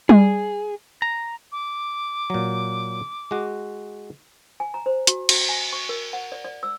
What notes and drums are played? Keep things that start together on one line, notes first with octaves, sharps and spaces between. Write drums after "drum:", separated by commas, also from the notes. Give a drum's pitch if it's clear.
G#4, drum: tom G3
A#5
D6
A#2 F#3
G#3 F#4
G#5
A#5
C5
F#4, drum: hi-hat
F#4, drum: cymbal
G#5
C#6
A#4
F#5
D5
D5
E6